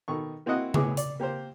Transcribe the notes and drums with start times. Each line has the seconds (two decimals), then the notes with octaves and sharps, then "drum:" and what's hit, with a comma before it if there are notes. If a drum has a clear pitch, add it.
0.08 B2 D#3 A4 C#6
0.46 A#3 C4 E4 F#4 D#5 F#5
0.74 A2 B3 G#4 D6, drum: tom C#3
0.97 D5, drum: hi-hat
1.20 A#3 G4 A#4 C5